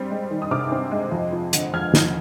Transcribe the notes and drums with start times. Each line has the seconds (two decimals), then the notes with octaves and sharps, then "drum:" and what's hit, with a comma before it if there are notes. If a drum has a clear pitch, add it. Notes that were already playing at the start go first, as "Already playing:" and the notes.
Already playing: G3 C4
0.11 G#3
0.30 D#3
0.42 D#6
0.51 C3 D6 F6
0.72 C4
0.91 G#3
1.12 F2
1.32 F3
1.53 D3, drum: hi-hat
1.74 F2 F6 G#6
1.94 F2, drum: snare